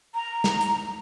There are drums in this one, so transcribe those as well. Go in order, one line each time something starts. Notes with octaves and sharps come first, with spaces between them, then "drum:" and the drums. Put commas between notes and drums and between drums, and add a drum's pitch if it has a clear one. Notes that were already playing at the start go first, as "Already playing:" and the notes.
A#5
drum: snare
drum: hi-hat